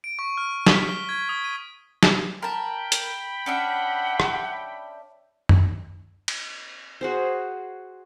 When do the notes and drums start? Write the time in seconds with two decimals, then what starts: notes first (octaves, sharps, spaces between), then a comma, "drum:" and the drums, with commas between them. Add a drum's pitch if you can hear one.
0.04 D7
0.19 C#6
0.37 F6
0.67 B6, drum: snare
0.89 G7
1.09 G#6
1.29 D#6
1.44 D#7
2.03 drum: snare
2.42 A#4 G5 A5 B5
2.92 drum: hi-hat
3.46 C#4 D4 E5 F#5
4.20 drum: rim click
5.49 drum: tom F#2
6.28 drum: cymbal
7.01 F#4 G#4 C5